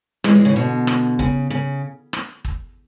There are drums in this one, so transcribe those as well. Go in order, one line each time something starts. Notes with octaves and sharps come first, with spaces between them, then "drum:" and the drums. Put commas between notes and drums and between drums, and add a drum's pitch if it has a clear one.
E3 G#3, drum: rim click
E3 G#3
C#3 E3
B2 D3
drum: rim click
C#3, drum: kick
C#3
drum: rim click
drum: kick